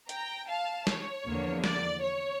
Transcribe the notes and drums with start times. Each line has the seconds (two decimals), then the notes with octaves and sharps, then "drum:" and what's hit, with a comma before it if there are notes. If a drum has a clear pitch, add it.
0.09 G5 A#5, drum: hi-hat
0.48 F5 A5
0.87 C#5, drum: snare
1.25 E2 D3 F3 A#3
1.64 D5, drum: snare
2.02 C#5